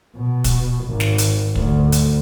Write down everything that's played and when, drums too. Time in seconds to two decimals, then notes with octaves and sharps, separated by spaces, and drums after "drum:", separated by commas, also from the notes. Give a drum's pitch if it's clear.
0.17 B2
0.44 drum: kick, hi-hat
0.85 G#1
1.00 drum: snare
1.18 drum: hi-hat
1.55 D2, drum: kick
1.92 drum: hi-hat